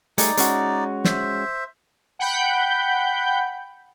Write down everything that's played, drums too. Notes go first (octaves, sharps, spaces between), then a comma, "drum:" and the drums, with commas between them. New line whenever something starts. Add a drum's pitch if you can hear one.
G3 A3 D#4 G#4 D5, drum: hi-hat
G#3 C#4 F#4, drum: hi-hat
C5 E5, drum: snare
F#5 G5 B5 G6